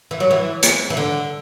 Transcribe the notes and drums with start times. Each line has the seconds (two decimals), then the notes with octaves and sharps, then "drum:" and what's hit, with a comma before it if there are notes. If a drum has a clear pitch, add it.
0.11 E3
0.20 F#3
0.31 E3
0.63 drum: hi-hat
0.90 E3
0.97 D3